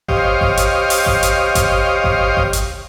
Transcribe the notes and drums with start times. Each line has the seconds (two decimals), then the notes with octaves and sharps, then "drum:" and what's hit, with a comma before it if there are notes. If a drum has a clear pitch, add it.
0.08 G4 C5 C#5 D#5 F5, drum: kick G#1
0.41 drum: kick G#1
0.57 drum: hi-hat
0.90 drum: open hi-hat
1.06 drum: kick G#1
1.23 drum: hi-hat
1.55 drum: kick G#1, hi-hat
2.04 drum: kick G#1
2.37 drum: kick G#1
2.53 drum: hi-hat